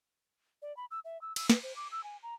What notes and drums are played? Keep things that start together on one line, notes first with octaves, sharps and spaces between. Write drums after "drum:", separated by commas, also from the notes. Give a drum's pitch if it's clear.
D5
B5
E6
E5
E6
E6, drum: cymbal
B4, drum: snare
C5
D6
E6
G#5
A#5